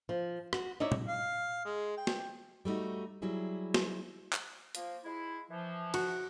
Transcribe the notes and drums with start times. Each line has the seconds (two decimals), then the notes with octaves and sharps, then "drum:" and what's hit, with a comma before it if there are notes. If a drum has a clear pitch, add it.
0.09 F3
0.53 F#4, drum: rim click
0.80 D#4 E4 C#5 D5 E5
0.92 drum: tom A#2
1.08 F5
1.65 G#3
1.97 G5
2.07 drum: snare
2.65 G3 A3 B3 D#4 F#4
3.22 F#3 G3 E4 G#4
3.74 drum: snare
4.33 drum: clap
4.75 F3 A#3, drum: hi-hat
5.04 G#3 E4
5.51 E3 F3
5.94 F#4, drum: cymbal